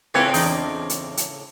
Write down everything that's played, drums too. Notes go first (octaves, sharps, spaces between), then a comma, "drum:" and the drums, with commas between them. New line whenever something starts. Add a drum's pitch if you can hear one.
A2 C#3 E3 A#3 C4 F4 B4 C#5
E2 D4 D#4, drum: open hi-hat
drum: hi-hat
drum: hi-hat